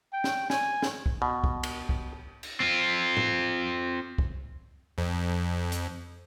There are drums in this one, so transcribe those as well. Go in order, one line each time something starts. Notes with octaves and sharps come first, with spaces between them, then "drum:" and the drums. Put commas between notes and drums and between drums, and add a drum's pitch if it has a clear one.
G5
drum: snare
G#5, drum: snare
drum: snare
drum: kick
B2
drum: kick
drum: cymbal
drum: kick
drum: cymbal
C4 F4
drum: tom G#2
drum: kick
F2
drum: hi-hat